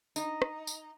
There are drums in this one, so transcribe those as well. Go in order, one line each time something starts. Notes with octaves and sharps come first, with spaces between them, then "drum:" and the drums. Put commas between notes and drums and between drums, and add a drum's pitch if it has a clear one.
D#4, drum: tambourine
drum: rim click
drum: tambourine